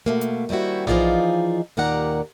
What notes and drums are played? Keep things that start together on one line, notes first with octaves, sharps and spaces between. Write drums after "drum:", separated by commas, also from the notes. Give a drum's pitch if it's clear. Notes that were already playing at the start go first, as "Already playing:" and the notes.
B2 A3 A#3
drum: hi-hat
D#3 G3 C4 E4 F#4
E3 F3 D#4 F4 G#4 D5, drum: tom A#1
D#2 A#2 D#3 D5 F#5 A#5